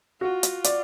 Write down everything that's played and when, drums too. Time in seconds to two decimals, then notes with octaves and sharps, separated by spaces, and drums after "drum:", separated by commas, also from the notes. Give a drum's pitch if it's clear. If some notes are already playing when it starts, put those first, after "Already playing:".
0.21 F4 F#4
0.43 drum: hi-hat
0.64 D5, drum: hi-hat